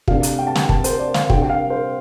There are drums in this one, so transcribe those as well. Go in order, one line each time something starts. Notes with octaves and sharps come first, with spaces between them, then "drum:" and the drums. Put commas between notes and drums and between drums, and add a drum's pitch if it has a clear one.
C3 A3 D4 F5, drum: kick
drum: hi-hat
G5
A5
G5, drum: snare
A5, drum: kick
C5, drum: hi-hat
D5
F5, drum: snare
C3 G3 D4 G5, drum: kick
G5
F5
C5